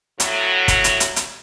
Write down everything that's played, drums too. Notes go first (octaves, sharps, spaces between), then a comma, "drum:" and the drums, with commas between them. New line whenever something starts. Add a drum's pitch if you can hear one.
A2 F#3, drum: hi-hat
drum: kick, hi-hat
drum: hi-hat
drum: hi-hat
drum: hi-hat